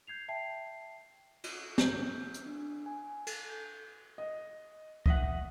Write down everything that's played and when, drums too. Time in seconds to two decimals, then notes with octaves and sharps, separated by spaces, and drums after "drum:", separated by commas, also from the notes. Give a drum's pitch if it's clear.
0.07 G6 G#6 C7 F7
0.28 E5 G5 A5 C7
1.44 drum: cymbal
1.78 G6, drum: snare
2.34 drum: hi-hat
2.46 D4
2.86 G#5
3.27 A4, drum: cymbal
3.49 G6
4.18 D#5
5.06 D#5 E5 F#5 D#6, drum: kick